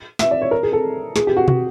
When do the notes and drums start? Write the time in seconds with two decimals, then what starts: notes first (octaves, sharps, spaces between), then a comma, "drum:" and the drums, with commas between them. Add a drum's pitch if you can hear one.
0.19 E5, drum: snare
0.31 D5
0.41 C#5
0.51 A#4
0.63 G#4
0.73 A4
1.16 G#4, drum: snare
1.27 G4
1.37 F#4
1.48 F#4, drum: tom